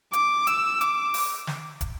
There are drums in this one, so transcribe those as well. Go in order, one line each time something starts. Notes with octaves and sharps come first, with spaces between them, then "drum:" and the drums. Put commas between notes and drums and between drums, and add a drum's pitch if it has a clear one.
D6, drum: hi-hat
E6, drum: hi-hat
D6, drum: hi-hat
drum: open hi-hat
drum: snare
drum: kick, hi-hat